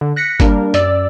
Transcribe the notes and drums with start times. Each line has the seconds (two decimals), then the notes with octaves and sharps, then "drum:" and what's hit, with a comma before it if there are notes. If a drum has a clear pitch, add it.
0.01 D3
0.16 F#6 A#6 B6 C#7
0.40 G3 A#3 D4 A#4, drum: kick, hi-hat
0.74 F#2 D5 E6, drum: hi-hat